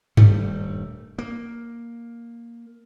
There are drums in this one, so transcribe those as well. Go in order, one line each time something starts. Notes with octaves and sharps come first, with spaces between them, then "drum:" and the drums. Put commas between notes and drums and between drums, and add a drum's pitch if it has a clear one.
D#1 G2 G3 A3, drum: tom G2
A#3